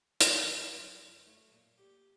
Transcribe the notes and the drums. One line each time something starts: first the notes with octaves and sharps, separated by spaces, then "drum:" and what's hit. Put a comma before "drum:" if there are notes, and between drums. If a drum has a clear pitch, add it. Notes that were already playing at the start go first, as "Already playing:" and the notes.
D3, drum: hi-hat
F#2
F#2
F#3
A3
A#2
G4